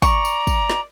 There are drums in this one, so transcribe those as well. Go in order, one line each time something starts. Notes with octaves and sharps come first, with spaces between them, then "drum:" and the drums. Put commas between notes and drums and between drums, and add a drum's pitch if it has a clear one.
D5 A#5 C#6, drum: kick, tambourine
drum: tambourine
drum: kick, tambourine
drum: snare